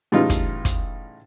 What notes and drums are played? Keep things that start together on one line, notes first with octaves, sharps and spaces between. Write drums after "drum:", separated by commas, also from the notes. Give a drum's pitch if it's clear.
A2 C#3 E3 G3 D#4 F4
drum: kick, hi-hat
drum: kick, hi-hat